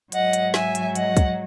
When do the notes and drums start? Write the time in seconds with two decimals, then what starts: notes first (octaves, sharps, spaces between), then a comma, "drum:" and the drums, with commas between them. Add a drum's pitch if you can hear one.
0.12 G#2 F#3 D#5 F#5, drum: hi-hat
0.33 drum: hi-hat
0.54 E5 G#5, drum: snare
0.75 drum: hi-hat
0.96 D#5 F#5, drum: hi-hat
1.17 drum: kick, hi-hat